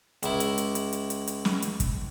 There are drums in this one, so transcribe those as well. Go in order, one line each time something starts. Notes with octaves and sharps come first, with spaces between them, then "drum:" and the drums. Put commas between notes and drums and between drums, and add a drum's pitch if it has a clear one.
C#2 E4, drum: hi-hat
drum: hi-hat
drum: hi-hat
drum: hi-hat
drum: hi-hat
drum: hi-hat
drum: hi-hat
drum: snare
drum: hi-hat
drum: kick, hi-hat